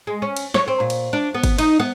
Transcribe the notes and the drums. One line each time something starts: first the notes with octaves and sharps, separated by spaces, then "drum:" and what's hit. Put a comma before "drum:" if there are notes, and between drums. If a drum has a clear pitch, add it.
G#3
C#4
drum: cymbal
C#5, drum: snare
C4
A#2
drum: cymbal
D4
B3
drum: kick G1, cymbal
D#4, drum: cymbal
B3